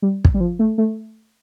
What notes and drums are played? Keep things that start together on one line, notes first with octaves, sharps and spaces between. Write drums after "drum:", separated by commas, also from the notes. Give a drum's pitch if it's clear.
G3
drum: kick
G3
F3
A3
A3